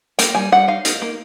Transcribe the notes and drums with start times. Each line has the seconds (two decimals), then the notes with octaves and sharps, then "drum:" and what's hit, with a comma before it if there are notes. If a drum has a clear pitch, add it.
0.19 A#3 G5, drum: hi-hat
0.35 G3 G#5
0.52 G3 F#5
0.68 D#4 F5
0.85 D#4, drum: hi-hat
1.02 A#3